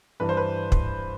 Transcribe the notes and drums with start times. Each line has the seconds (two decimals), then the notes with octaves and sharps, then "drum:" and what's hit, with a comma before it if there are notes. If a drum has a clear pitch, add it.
0.20 G2 E3 B4
0.29 C5
0.37 B4
0.72 drum: kick